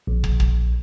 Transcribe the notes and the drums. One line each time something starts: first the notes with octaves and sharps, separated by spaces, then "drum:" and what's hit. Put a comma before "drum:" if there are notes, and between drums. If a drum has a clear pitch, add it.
A#1
drum: kick
drum: kick